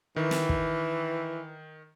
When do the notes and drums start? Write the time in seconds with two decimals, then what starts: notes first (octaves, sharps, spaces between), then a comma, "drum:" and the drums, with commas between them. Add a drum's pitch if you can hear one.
0.16 D#3 E3
0.31 drum: snare
0.49 drum: kick